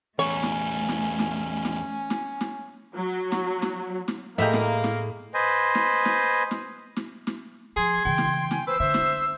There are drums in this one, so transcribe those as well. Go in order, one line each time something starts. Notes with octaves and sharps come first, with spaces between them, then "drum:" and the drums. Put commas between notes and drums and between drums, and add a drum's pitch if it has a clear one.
E2 G3 A3 C#4 C#5
drum: snare
drum: snare
drum: snare
drum: snare
drum: snare
drum: snare
F#3
drum: snare
drum: snare
drum: snare
A2 A#3 G4 G#4 D#5 E5
drum: snare
drum: snare
B4 C5 D#5 G#5
drum: snare
drum: snare
drum: snare
drum: snare
drum: snare
F3 G#4 C6 G#6
C#3 E3 G5
drum: snare
G#5, drum: snare
B4 C5 E6
D3 C5 E5
drum: snare